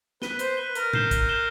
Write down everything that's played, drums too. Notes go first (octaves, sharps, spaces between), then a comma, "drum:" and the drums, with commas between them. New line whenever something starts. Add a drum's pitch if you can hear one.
B4 F#6 B6 D#7 G7, drum: snare
C5, drum: hi-hat
B4 F#6 B6 D#7 G7
A#4, drum: hi-hat
G6 C7 E7 G7, drum: tom A2
drum: kick, hi-hat
G6 C7 E7 G7